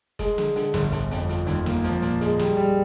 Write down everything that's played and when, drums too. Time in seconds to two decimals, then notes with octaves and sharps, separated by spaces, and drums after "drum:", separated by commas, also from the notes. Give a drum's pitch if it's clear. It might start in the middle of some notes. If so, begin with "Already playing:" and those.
0.19 G#3, drum: kick F1, hi-hat
0.38 D3, drum: snare
0.56 D3, drum: hi-hat
0.74 G1, drum: snare
0.92 G1, drum: hi-hat
1.11 F2, drum: hi-hat
1.29 F4, drum: hi-hat
1.47 D#2, drum: hi-hat
1.66 A#3, drum: snare
1.84 F3, drum: hi-hat
2.02 A#2, drum: hi-hat
2.21 G#3, drum: hi-hat
2.39 G3, drum: snare
2.57 G3